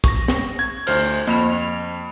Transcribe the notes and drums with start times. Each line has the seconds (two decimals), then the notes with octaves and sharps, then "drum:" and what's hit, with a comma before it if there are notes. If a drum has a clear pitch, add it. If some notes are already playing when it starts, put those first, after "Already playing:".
0.04 C#6 A#6, drum: kick
0.28 drum: snare
0.59 G#6
0.87 D2 C5 F6, drum: cymbal
1.27 F2 A#3 B5 F7